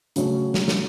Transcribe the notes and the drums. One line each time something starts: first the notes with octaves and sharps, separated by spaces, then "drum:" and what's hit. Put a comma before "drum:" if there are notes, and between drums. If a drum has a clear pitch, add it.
C#3 F#3 A3 C#4, drum: hi-hat
drum: snare
drum: snare